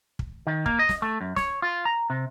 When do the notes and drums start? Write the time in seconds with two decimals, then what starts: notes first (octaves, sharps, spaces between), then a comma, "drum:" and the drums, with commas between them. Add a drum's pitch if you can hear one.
0.19 drum: kick
0.47 D#3
0.66 A#3, drum: kick
0.79 D#5
0.89 drum: snare
1.02 A3
1.21 F#2
1.36 C#5, drum: snare
1.62 F4
1.85 A#5
2.10 C3